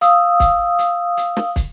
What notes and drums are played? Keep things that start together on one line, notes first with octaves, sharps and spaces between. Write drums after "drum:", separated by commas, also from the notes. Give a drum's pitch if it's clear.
F5 D#6 E6, drum: hi-hat
drum: kick, hi-hat
drum: hi-hat
drum: hi-hat
drum: snare
drum: kick, hi-hat